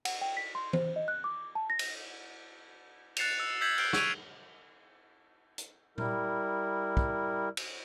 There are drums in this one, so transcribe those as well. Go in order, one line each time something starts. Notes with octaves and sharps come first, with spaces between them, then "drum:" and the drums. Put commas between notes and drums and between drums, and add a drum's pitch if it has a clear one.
F#5, drum: cymbal
G5
B6
C6
C5, drum: tom E3
D#5
F#6
D6
A5
A#6
drum: cymbal
F#6 A6 C7 C#7 E7 F7, drum: cymbal
E6
E6 G6 G#6 B6 C7 F#7
F6 G6 C7 D7, drum: cymbal
C#6 E6 G#6 D7 D#7 F7, drum: snare
drum: hi-hat
G3 E4 A#4, drum: tom A#2
drum: kick
drum: cymbal